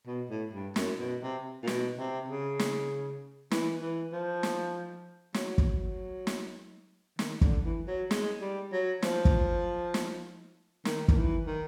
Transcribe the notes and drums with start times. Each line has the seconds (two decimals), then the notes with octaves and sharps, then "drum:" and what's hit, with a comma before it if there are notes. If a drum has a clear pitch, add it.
0.07 B2
0.29 A2
0.53 G2
0.76 F#2, drum: snare
0.99 B2
1.22 C3
1.63 A#2
1.67 B2, drum: snare
1.98 C3
2.28 C#3
2.59 drum: snare
3.51 E3, drum: snare
3.82 E3
4.12 F3
4.43 drum: snare
5.34 F#3, drum: snare
5.58 drum: kick
6.27 drum: snare
7.19 D#3, drum: snare
7.41 D3, drum: kick
7.65 E3
7.88 F#3
8.11 G#3, drum: snare
8.41 G3
8.72 F#3
9.02 F3, drum: snare
9.25 drum: kick
9.94 drum: snare
10.85 D#3, drum: snare
11.08 D#3, drum: kick
11.16 E3
11.47 D#3